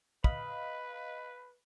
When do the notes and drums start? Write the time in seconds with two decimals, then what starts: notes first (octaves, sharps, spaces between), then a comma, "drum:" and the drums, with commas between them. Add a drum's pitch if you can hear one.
0.24 B4 D#5 F5 B5, drum: kick